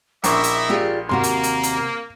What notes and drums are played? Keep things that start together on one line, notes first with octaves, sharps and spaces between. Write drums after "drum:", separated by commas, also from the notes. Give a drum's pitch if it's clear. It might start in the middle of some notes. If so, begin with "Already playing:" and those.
A#1 E4 D#5 E5 C#6 D6, drum: hi-hat
drum: hi-hat
F4 G4 G#4 D5
D#2 C3 A#3 F#4 A#5 C6
drum: hi-hat
drum: hi-hat
drum: hi-hat